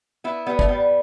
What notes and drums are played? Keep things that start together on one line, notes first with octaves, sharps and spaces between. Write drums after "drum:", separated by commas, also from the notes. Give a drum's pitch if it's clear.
B3 E4
G3 B3
A3, drum: kick
G3 B3